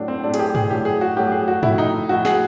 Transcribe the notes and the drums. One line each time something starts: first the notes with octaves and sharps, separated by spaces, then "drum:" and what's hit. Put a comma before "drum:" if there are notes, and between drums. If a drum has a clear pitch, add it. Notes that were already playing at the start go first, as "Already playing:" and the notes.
Already playing: A2 F#3 A3 D4
C4
A2 F#3 A3 D4
G#4, drum: hi-hat
G4
G#4, drum: tom
A2 F#3 A3 G4
G#4
F#4
A2 F#3 A3 G4
G#4
F#4
A2 F3 A3 E4, drum: tom
D#4
A2 F3 A3 F#4
G#4, drum: snare